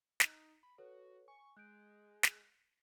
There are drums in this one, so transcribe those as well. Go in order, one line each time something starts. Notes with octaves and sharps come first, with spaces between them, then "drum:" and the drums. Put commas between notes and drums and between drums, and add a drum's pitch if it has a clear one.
D#4, drum: snare
B5
F#4 A4 B4 C#5
G#5 C#6
G#3 F#6 G6 D7
drum: snare